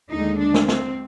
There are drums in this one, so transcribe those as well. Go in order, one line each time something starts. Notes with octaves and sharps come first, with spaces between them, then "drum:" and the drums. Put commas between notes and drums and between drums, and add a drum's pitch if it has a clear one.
D#2 D3 G#3 D#4
D4
drum: snare
C4, drum: snare